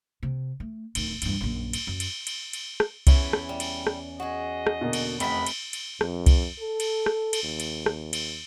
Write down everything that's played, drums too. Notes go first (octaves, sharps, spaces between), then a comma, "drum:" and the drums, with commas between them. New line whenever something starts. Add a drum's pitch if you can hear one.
C3
A3
D1 D#3, drum: cymbal
E2 G2, drum: cymbal
A#1 F#2
drum: cymbal
F#2
drum: cymbal
drum: cymbal
drum: cymbal
drum: rim click
E2 C#4 E4 E5, drum: kick C2, cymbal
drum: rim click
G3
drum: cymbal
drum: rim click
F#4 G#4 D#5
drum: rim click
B2 D3 A#3
drum: cymbal
F1 D#3 A3 B3 B5 B6, drum: cymbal
drum: cymbal
drum: cymbal
F2, drum: rim click
drum: kick C2, cymbal
A4
drum: cymbal
drum: rim click
drum: cymbal
D#2
drum: cymbal
drum: rim click
drum: cymbal